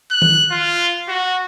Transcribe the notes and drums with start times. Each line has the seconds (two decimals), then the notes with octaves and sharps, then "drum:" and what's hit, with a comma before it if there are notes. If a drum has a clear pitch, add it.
0.11 F#6
0.22 drum: tom D#3
0.51 F4
1.08 F#4